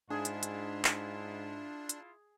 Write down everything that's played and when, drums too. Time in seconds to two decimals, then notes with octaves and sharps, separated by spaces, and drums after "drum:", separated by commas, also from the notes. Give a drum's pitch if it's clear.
0.10 G#2 D4 E4 F4 G#4 G#5
0.25 drum: hi-hat
0.43 drum: hi-hat
0.85 drum: clap
1.89 drum: hi-hat